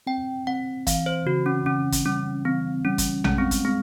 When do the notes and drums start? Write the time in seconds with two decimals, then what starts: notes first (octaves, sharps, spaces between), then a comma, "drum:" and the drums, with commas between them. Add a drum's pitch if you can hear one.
0.07 C4 G5
0.47 C4 F#5
0.87 E3 F5, drum: kick, hi-hat
1.06 C5
1.26 C#3 F#4
1.46 C#4
1.66 C#3 C#4
1.92 drum: kick, hi-hat
2.05 G3 C#4
2.45 E3 C4
2.85 G3 C#4
2.98 drum: kick, hi-hat
3.24 G#3 C#4, drum: tom A#1
3.38 C4
3.51 drum: kick, hi-hat
3.65 G#3 C4